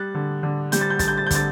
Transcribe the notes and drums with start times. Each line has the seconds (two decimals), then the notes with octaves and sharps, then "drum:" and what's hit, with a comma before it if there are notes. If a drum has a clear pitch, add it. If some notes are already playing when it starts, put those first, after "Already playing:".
Already playing: G3 F#6 A6
0.15 D3
0.43 D3
0.72 G3 G6, drum: hi-hat
0.81 A6
0.90 G6
0.99 D3 A6, drum: kick, hi-hat
1.08 G6
1.17 A6
1.26 G6
1.31 D3 A6, drum: kick, hi-hat